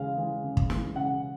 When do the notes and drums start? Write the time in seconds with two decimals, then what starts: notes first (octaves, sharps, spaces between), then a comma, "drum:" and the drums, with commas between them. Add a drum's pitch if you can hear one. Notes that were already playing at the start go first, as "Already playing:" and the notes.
Already playing: C#3 E3 G#3 F5
0.18 E3 G#3
0.44 C#3
0.57 drum: kick
0.70 E3 G#3, drum: snare
0.96 C#3 F#5